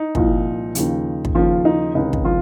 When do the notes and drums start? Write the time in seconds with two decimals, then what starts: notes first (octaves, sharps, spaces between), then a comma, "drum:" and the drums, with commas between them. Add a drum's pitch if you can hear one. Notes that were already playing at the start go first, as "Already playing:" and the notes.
Already playing: D#4
0.15 C2 A#2 F3, drum: kick
0.75 D#2 C#3 F3, drum: hi-hat
1.25 drum: kick
1.35 D#2 C#3 F3 F4
1.65 D#4
1.94 C#2 C3 D#3 D#4
2.13 drum: kick
2.24 F3 F4